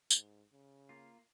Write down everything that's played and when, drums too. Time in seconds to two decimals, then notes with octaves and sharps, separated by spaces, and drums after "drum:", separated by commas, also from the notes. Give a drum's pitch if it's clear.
0.10 G#2, drum: tambourine
0.52 C#3
0.89 A#3 F4